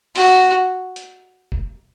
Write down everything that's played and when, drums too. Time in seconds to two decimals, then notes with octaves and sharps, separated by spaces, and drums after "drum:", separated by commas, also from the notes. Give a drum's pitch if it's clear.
0.16 F#4, drum: open hi-hat
0.96 drum: hi-hat
1.52 drum: kick F1